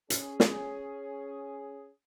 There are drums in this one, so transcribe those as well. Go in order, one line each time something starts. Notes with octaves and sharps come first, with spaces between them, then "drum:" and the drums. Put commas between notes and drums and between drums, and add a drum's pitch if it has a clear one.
C#4 G#4, drum: hi-hat
drum: snare